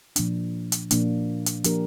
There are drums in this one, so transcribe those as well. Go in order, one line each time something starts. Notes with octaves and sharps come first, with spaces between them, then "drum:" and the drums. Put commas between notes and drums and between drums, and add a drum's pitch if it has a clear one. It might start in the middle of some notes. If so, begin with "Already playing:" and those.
A#2 F3 A#3 D4, drum: hi-hat
drum: hi-hat
A#2 F3 A#3 D4, drum: hi-hat
drum: hi-hat
F3 A#3 D4 G4 A#4, drum: hi-hat